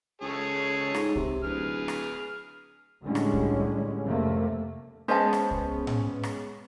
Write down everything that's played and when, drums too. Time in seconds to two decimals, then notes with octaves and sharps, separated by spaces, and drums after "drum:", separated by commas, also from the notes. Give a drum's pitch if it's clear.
0.22 C#2 G#4 A4 C#5
0.94 G#2, drum: rim click
1.16 C3, drum: kick C2
1.43 D1 G#4 B4 F6
1.88 drum: rim click
3.03 A2 D3 G3 G#3 C#4
3.15 drum: rim click
3.33 drum: kick C2
4.02 F2 C3 A3 A#3
5.08 G#3 B3 C#4 C5 D#5 A5
5.33 drum: rim click
5.51 drum: kick C2
5.87 drum: tom A2
6.23 drum: rim click